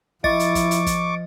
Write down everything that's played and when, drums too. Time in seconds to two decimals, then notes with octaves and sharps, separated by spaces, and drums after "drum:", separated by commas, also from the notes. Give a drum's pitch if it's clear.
0.24 F3 E4 D#5 C#6 D6 A6, drum: kick
0.40 drum: hi-hat
0.55 drum: kick, hi-hat
0.71 drum: hi-hat
0.86 drum: kick, hi-hat